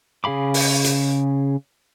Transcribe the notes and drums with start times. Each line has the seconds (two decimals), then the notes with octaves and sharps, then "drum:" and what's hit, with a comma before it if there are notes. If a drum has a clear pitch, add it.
0.24 C#3 G#4 F5 B5 D6
0.54 drum: open hi-hat
0.84 drum: hi-hat